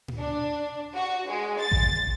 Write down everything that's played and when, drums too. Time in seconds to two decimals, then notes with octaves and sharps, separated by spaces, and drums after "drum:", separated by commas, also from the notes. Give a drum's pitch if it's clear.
0.08 drum: tom A2
0.18 D4
0.95 F#4
1.28 G#3
1.58 A6
1.72 drum: kick A1